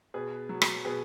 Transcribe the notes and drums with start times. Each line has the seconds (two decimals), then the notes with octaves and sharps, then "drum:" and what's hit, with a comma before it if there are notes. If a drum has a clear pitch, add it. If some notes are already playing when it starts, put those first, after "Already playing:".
0.14 B2 G#4 B4
0.49 F#3
0.62 drum: rim click
0.85 B2 G#4 B4